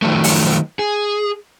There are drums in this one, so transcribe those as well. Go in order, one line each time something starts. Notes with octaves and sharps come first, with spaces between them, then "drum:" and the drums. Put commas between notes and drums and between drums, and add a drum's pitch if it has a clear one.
D#3 F3 F#3 A3
drum: open hi-hat
G#4